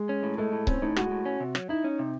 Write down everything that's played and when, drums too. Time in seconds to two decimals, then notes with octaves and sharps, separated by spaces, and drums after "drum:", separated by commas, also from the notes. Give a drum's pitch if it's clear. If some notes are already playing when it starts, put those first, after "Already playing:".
Already playing: G#3
0.09 C#4
0.23 A2
0.38 G#3 A3
0.53 A2
0.67 C4 C#4, drum: kick C#1
0.82 A2 D#4
0.96 G#3 F#4, drum: rim click
1.11 A2
1.25 C#4
1.40 C3
1.55 F#3, drum: rim click
1.69 D#4 E4
1.84 C#4
1.99 C3